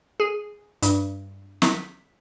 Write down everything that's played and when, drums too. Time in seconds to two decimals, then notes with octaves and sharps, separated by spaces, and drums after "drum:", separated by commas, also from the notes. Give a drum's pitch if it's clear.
0.20 G#4
0.82 G2, drum: hi-hat
1.62 B6, drum: snare